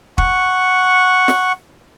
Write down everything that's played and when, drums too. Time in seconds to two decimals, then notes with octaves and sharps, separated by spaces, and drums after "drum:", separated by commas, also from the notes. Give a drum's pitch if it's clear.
0.18 F#5 C#6, drum: kick
1.28 drum: snare